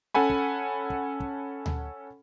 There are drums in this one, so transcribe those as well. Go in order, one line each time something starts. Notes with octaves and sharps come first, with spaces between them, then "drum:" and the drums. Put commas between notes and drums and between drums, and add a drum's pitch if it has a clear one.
C#4 A4 F#5 G#5 B5
drum: kick
drum: kick
drum: kick
drum: tom D2